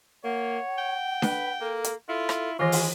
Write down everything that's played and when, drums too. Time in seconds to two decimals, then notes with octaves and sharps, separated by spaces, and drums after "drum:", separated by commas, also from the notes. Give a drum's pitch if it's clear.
0.24 A#3 C#5 F#5
0.78 G5
1.22 B4, drum: snare D4
1.61 A#3 A4
1.84 drum: hi-hat
2.09 E4 F4 A4
2.29 drum: rim click
2.59 D#3 E3 G#3 F4 G#5
2.72 drum: open hi-hat